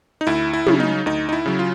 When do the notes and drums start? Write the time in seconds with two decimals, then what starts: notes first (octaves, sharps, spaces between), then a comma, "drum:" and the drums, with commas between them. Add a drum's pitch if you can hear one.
0.21 D#4
0.27 D2 E4
0.53 E4
0.67 C#3 F#3, drum: tom
0.80 D#4
1.06 D2 D#4
1.29 D#4
1.33 E4
1.46 C#3 F#3
1.59 F4